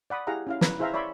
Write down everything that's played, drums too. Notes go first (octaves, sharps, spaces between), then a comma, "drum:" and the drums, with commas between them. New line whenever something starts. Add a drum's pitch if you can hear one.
D5 F#5 B5 D#6
E4 G4 G#4 F5 F#5 A#5
C#4 E4 F5
B4 A#5, drum: snare
E4 G#4 C5 E5 F5 A#5
C#5 D5 E5 B5 C6